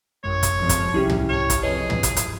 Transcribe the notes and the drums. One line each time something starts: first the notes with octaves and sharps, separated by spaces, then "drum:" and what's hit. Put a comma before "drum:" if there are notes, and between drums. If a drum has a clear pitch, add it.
A1 F#2 G#3 C#5
drum: kick, hi-hat
F2 F3
drum: kick, hi-hat
C2 C#4 E4 G4 G#4
drum: tom
C#5 A5 F6
drum: kick, hi-hat
F2 G#4 B4 C#5 D#5
drum: tom
drum: kick, hi-hat
drum: hi-hat